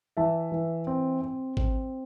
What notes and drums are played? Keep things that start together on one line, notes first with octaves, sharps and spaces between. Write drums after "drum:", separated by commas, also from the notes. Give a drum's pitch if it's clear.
E3 E5 A5
E3
C4
C4
C4, drum: kick G#1